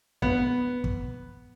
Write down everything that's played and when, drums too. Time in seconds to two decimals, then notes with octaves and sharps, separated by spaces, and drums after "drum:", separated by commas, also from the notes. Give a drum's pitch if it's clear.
0.22 B3, drum: kick
0.84 drum: kick